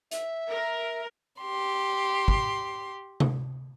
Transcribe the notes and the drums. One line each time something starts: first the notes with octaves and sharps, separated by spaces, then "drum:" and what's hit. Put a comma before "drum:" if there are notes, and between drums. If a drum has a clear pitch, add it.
E5, drum: hi-hat
A#4
G4 C6
drum: kick
drum: tom C3